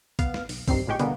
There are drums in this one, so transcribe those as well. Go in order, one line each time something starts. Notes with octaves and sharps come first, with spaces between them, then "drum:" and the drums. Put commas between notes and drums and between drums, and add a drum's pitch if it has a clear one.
B3 F5, drum: kick B1, hi-hat
drum: snare
B1, drum: open hi-hat
G2 D#3 G3 C4 C7, drum: kick B1, open hi-hat
G#1 A2 G#3 G4 G5 C#6
B2 D3 G3 G#3 A#3 B3, drum: hi-hat